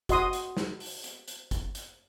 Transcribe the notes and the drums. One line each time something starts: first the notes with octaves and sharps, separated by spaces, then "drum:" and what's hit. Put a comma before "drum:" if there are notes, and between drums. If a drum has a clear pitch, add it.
F#4 D#5 C6 D#6, drum: kick, hi-hat
drum: hi-hat
drum: snare
drum: open hi-hat
drum: hi-hat
drum: hi-hat
drum: kick, hi-hat
drum: hi-hat